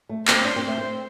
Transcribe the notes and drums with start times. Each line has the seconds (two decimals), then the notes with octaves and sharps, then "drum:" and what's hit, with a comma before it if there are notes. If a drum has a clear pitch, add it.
0.09 A3
0.28 C4 C5, drum: clap
0.45 D4
0.56 C4
0.67 A3
0.78 C4